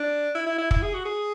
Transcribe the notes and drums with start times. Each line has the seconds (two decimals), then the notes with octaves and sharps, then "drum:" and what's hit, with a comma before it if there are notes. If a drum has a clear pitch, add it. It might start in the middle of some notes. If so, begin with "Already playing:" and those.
Already playing: D4
0.35 E4
0.46 E4
0.58 E4
0.71 E4, drum: kick
0.82 G#4
0.94 F#4
1.05 G#4